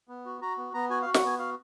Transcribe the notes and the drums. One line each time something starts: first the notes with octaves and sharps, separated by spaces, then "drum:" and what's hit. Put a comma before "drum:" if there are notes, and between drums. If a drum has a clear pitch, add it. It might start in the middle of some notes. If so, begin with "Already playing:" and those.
B3
F#4
F#4 A#5
B3
B3 A#5
F#4 G#5
F5
F#4
F#5, drum: snare
B3 G#5
F#4 F5